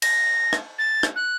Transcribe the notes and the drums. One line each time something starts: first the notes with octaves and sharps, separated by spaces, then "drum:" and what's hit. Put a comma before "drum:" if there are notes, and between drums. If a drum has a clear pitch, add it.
A#6, drum: cymbal
drum: rim click
A6
drum: rim click
F#6